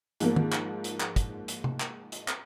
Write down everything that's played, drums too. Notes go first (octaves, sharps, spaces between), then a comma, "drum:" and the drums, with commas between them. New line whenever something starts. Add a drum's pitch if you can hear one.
G#2 F3 A#3, drum: hi-hat
drum: tom
drum: clap
drum: hi-hat
drum: clap
drum: kick, hi-hat
drum: hi-hat
drum: tom C3
drum: clap
drum: hi-hat
drum: clap